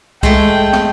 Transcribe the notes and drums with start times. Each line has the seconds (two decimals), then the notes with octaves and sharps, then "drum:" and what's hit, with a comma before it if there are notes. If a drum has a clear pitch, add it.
0.23 G#3 A3 G5, drum: kick C2
0.73 drum: snare